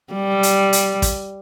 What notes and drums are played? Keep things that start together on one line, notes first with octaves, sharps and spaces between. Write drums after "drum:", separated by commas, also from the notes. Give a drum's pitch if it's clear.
G3
drum: hi-hat
drum: hi-hat
drum: kick, hi-hat